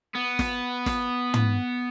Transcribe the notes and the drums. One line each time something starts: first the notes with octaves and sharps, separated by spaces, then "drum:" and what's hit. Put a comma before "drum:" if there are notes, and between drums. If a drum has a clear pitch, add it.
B3
drum: snare
drum: snare
drum: tom